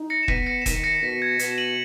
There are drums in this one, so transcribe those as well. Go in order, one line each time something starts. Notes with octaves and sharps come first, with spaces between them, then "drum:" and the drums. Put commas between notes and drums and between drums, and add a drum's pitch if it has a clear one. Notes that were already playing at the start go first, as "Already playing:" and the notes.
Already playing: D#4
A#6 C#7
E7
B3 B6 D#7, drum: kick
A#6 C#7
E7
D#3 B6 D#7, drum: kick, hi-hat
A#6 C#7
B2 B6
G#6
B2 A#6, drum: hi-hat
E7
D#7 F#7